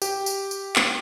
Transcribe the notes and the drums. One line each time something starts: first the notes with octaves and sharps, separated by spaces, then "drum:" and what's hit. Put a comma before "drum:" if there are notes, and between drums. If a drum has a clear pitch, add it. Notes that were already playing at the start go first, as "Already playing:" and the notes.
G4, drum: tambourine
drum: tambourine
drum: tambourine
drum: clap